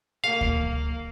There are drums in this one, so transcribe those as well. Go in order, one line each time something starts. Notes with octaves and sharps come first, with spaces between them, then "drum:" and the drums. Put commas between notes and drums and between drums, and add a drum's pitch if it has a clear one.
A#3 F5
drum: kick D2